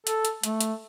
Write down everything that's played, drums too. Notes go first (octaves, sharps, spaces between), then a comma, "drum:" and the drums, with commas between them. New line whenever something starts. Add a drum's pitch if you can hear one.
A4, drum: hi-hat
drum: hi-hat
A3, drum: hi-hat
drum: hi-hat